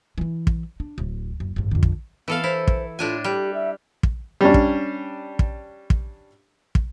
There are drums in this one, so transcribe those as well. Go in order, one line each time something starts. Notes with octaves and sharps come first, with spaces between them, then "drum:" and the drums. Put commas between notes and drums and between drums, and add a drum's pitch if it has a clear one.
E3 E4
drum: kick
D4
D1
F#1
G#1 G2
F2 D3
drum: kick
E3 B3 A4 F5
E4 C5
drum: kick
A2 D4 F4 G#5
G3 G4
E5
drum: kick
G3 C#4 D4
drum: kick
drum: kick
drum: kick
drum: kick